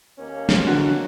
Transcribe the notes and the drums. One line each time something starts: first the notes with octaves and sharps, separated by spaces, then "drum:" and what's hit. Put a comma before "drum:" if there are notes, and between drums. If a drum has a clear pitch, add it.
D#2 A#3 C#4
drum: snare
D3 F#4